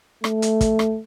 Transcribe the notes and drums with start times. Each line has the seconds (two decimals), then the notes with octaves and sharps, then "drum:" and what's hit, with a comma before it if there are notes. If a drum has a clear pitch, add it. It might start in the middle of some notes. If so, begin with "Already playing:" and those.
0.24 A3, drum: rim click
0.42 drum: hi-hat
0.61 drum: kick, hi-hat
0.79 drum: rim click